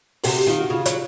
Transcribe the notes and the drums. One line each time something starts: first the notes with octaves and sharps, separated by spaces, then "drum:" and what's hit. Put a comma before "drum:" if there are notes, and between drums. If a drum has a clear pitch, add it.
C3 F#4, drum: open hi-hat
D#3 F4
F#4
C#3 F4
F#3, drum: hi-hat